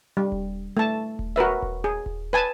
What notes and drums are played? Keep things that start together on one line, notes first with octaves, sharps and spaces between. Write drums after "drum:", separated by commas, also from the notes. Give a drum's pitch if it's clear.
G3
drum: kick D#1
A3 A5
drum: kick D#1
F#4 A#4 B4 E5
drum: kick D#1
G#4
drum: kick D#1
B4 G#5 A5